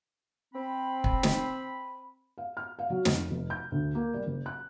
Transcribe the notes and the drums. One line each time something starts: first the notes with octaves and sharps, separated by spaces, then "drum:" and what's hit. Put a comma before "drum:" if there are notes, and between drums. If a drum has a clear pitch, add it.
C4 B5
drum: kick
drum: snare
F5
F6
F5
F#3
F2, drum: snare
F1
G6
D2
A#3
G3
F#1
F#6